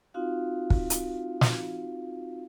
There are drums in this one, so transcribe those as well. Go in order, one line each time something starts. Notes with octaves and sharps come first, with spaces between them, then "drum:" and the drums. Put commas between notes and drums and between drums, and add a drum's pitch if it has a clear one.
C4 D#4 F4 F#4 F5
drum: kick
drum: hi-hat
drum: snare